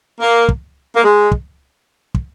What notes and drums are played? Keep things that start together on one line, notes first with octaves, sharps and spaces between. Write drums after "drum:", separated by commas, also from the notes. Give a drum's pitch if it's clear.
A#3
drum: kick
A#3
G#3
drum: kick
drum: kick